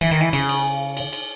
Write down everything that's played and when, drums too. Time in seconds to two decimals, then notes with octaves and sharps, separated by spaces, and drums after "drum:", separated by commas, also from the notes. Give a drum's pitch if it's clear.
0.01 E3, drum: cymbal
0.11 D#3
0.21 E3
0.33 C#3, drum: cymbal
0.49 drum: cymbal
0.97 drum: cymbal
1.13 drum: cymbal